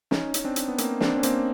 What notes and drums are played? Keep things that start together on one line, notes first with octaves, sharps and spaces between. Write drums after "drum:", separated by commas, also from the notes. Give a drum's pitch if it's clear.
C#4 D#4, drum: snare
C#4, drum: hi-hat
C4 D4
drum: hi-hat
B3
A#3 C4, drum: hi-hat
C4 D4, drum: snare
C#4
A#3 C4, drum: hi-hat